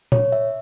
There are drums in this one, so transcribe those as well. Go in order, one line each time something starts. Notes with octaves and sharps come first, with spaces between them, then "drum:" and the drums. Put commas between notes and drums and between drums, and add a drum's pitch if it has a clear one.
C#5, drum: tom A#2
E5